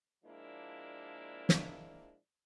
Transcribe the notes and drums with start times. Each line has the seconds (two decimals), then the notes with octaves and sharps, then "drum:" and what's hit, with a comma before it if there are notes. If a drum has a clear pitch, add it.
0.24 A#2 F3 G#3 A#3 D4 E4
1.49 drum: snare